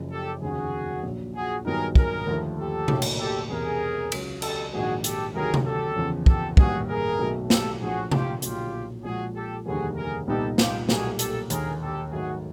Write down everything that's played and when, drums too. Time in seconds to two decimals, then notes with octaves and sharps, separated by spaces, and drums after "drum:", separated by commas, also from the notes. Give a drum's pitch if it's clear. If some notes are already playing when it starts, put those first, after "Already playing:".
Already playing: F#1 F#2 C#3 F3
0.11 G4 A4
0.42 F1 D#2 C#3 F#4 G#4
1.03 A#1 A#2 F#3
1.35 F#4 G#4
1.65 G2 D#3 F#3 B3 D#4 G#4 A#4
1.95 G#4 A#4, drum: kick
2.27 D#2 D3 F3 A3
2.58 G4 A4
2.88 B1 A2 F#3 A#3, drum: tom C3
3.02 drum: cymbal
3.19 G4 A4
3.49 E1 E2 C3 G#4 A#4
4.12 C#2 C#3 F#3, drum: cymbal
4.42 G4 A4, drum: cymbal
4.72 A#1 G#2 D#3 F#3 A#3 F#4 G#4
5.04 G4 A4, drum: hi-hat
5.34 D2 C3 D#3 F#3 G#4 A#4
5.54 drum: tom C3
5.65 G4 A4
5.96 F#1 E2 C#3 F3
6.26 G4 A4, drum: kick
6.57 A1 G2 D#3 G3 A#3 F#4 G#4, drum: kick
6.88 G#4 A#4
7.19 B1 B2 F#3 A3
7.50 G4 A4, drum: snare
7.80 A#1 A2 F3 F#4 G#4
8.11 F4 G4, drum: tom C3
8.42 B1 A#2 F#3 F4 G4, drum: hi-hat
9.04 A#2 F3 G#3 F#4 G#4
9.34 G4 A4
9.66 F1 D#2 D3 G3 A#3 F#4 G#4
9.96 G#4 A#4
10.27 C2 A#2 G3 B3 D#4 G4 A4
10.58 F4 G4, drum: snare
10.89 B1 A#2 G3 A#3 F#4 G#4, drum: snare
11.19 G4 A4, drum: hi-hat
11.50 E1 D#2 D3 G#4 A#4, drum: hi-hat
11.81 G4 A4
12.11 G#2 D#3 F#3 A3 F#4 G#4